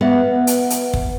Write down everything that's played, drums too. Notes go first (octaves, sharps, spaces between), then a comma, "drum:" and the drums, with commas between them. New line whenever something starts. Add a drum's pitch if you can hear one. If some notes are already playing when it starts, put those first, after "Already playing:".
B3 B4 E5 F#5
drum: hi-hat
drum: hi-hat
drum: kick